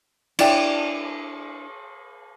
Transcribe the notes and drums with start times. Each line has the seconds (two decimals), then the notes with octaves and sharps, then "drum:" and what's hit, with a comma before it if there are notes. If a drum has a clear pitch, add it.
0.39 D4 E4 D5 G5, drum: cymbal